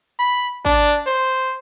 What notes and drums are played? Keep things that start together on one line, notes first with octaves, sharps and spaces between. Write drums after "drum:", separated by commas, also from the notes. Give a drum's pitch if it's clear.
B5
D4, drum: kick G#1
C5